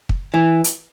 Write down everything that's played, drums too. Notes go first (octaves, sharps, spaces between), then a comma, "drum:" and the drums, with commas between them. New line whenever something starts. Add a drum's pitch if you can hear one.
drum: kick
E3
drum: hi-hat